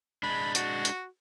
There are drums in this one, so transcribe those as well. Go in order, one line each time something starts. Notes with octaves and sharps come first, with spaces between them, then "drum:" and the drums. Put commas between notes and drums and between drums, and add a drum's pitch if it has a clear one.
G#3 D4 B5
F#4, drum: hi-hat
drum: hi-hat